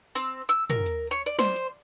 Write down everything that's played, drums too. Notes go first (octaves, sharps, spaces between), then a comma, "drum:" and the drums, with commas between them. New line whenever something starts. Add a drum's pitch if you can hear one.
C4
E6
A#4, drum: tom
drum: hi-hat
C#5
D5
C5, drum: snare
drum: hi-hat